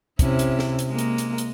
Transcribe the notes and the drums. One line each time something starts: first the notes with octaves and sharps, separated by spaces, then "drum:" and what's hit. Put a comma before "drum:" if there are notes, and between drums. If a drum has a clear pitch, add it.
C3 C#4 E4, drum: kick, hi-hat
drum: hi-hat
drum: snare
drum: hi-hat
G#3 A#3
drum: hi-hat
drum: hi-hat
drum: hi-hat